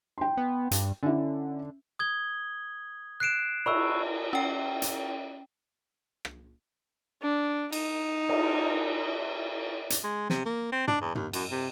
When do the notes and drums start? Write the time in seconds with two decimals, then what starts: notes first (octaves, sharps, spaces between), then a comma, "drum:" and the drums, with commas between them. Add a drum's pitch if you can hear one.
0.18 G5 C6
0.37 B3
0.71 G2, drum: hi-hat
1.03 D3 C#4 E4
1.99 D#6 G#6 G7
3.20 F#6 C7 D7 E7
3.66 B5 C#6 E6, drum: cymbal
4.33 C#4 G5
4.82 drum: hi-hat
6.25 drum: rim click
7.22 D4
7.72 D#4, drum: cymbal
8.29 drum: cymbal
9.90 drum: hi-hat
10.04 G#3
10.30 C3, drum: snare
10.45 A#3
10.72 C4
10.88 D4, drum: tom
11.01 E2
11.15 D#2, drum: tom
11.33 F#2, drum: cymbal
11.51 C3